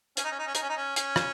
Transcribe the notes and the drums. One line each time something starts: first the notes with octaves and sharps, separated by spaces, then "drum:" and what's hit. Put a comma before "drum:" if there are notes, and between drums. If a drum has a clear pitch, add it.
C#4, drum: hi-hat
D#4
C#4
D#4
C#4
D#4, drum: hi-hat
C#4
D#4
C#4
C#4, drum: hi-hat
drum: rim click